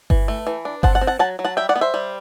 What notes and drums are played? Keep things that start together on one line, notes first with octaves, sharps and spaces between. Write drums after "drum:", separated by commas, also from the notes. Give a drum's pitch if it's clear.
E3, drum: kick G1
A3
E3
D4
C4 F#5 A5, drum: kick G1
F#5 A5
C4
F#5 A5
F#3 F#5 A5
F#3
F#5 A5
G3 E5 G5
D5 F#5
B3
C5 E5
G3